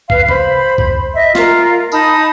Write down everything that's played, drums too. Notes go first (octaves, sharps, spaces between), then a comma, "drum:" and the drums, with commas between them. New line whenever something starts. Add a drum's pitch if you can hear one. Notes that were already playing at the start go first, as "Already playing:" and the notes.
B4 F5, drum: kick
C5 B5, drum: tom C3
drum: kick
D#5 E5
F4 A#4, drum: snare
D#4 A5 B5 D#6, drum: tambourine